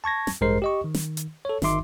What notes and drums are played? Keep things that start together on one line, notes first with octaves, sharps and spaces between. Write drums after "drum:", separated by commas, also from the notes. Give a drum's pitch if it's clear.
A5 C#6 G#6 A#6
drum: snare
A1 G2 G#3 A#4 C5 C7
G4 D#5 C#6
D#3
drum: snare
drum: hi-hat
A4 C#5
G1 D#3 D#4 E5 C6 D6, drum: snare